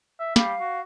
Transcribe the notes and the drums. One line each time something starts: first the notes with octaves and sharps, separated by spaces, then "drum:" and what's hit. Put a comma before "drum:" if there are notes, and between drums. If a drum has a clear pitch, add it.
E5
G3 F5, drum: snare
F#4